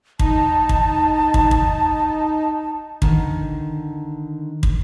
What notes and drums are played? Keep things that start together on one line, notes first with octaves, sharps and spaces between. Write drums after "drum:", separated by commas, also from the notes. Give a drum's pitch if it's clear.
D#4 A5, drum: kick
drum: kick
drum: kick
drum: kick
D3 D#3, drum: kick
drum: kick